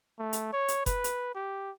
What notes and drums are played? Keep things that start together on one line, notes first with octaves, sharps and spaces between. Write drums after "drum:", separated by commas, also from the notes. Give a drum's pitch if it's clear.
A3
drum: hi-hat
C#5
drum: hi-hat
B4, drum: kick F#1, hi-hat
drum: hi-hat
G4